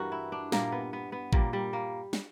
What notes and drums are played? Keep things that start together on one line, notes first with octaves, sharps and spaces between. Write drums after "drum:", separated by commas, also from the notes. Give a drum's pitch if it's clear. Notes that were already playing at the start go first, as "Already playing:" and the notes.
Already playing: G2 E3 G3 F#4 A#4
E4
D4
A#2 G3 A#3, drum: snare
B3
B3
B3
A#2 G3 A#3, drum: kick
G3
A#3
drum: snare